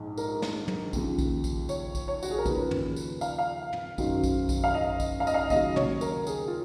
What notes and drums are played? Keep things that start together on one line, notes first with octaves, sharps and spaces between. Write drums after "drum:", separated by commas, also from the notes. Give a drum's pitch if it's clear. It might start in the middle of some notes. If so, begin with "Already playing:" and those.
Already playing: A#1 G#2
A#4, drum: tambourine
drum: snare
drum: tom
D#2 C#3 F3, drum: kick A#1, tambourine
drum: kick A#1, tambourine
drum: kick A#1, tambourine
C#5, drum: tambourine
drum: kick A#1, tambourine
C#5
F#4, drum: tambourine
G#4
A#4
D#2 C#3 F3 B4, drum: kick A#1, tambourine
drum: tom
drum: tambourine
F5, drum: tambourine
F5
drum: tom
F#1 F#2 D#3 F#3, drum: kick A#1, tambourine
drum: kick A#1, tambourine
drum: kick A#1, tambourine
F5
D#5
drum: kick A#1, tambourine
F5
D#5, drum: tambourine
F5
D#2 C#3 F#3 D#5, drum: kick A#1, tambourine
C#5, drum: tom
A#4, drum: tambourine
G#4, drum: tambourine
F4